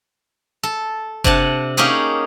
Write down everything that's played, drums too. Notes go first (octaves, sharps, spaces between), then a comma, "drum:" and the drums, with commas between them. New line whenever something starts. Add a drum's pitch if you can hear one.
A4
C3 D4 F#5 A5, drum: kick F#1
A#3 C#4 D#4 G4 G#4 F#5